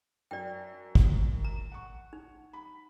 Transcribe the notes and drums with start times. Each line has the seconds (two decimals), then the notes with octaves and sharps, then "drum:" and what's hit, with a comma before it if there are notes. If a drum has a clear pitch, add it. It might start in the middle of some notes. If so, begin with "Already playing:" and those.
0.31 F#2 D5 G5
0.95 drum: kick G#1
1.45 A#5
1.71 F#5 C#6
2.13 D#4
2.53 B5